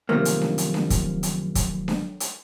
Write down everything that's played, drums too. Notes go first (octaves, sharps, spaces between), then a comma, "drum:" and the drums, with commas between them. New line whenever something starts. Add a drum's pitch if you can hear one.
F#2 C3 D#3 F3 A3 A#3
drum: hi-hat
drum: snare D4
drum: hi-hat
drum: snare D4
drum: kick, hi-hat
drum: hi-hat
drum: kick, hi-hat
drum: snare D4
drum: hi-hat